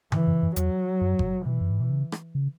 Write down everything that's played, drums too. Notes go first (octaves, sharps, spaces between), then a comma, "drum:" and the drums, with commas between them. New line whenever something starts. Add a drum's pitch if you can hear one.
G#2 E3, drum: tom C#3
F#2
F#2
E2 F#3, drum: hi-hat
F#2
drum: kick G1
B2 E3
F#2
G#2
B2
C#3
drum: rim click
C#3